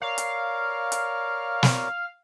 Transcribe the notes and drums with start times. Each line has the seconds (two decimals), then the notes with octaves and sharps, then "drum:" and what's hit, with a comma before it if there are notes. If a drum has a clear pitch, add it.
0.02 A#4 C#5 D5 F5
0.18 drum: hi-hat
0.92 drum: hi-hat
1.63 drum: snare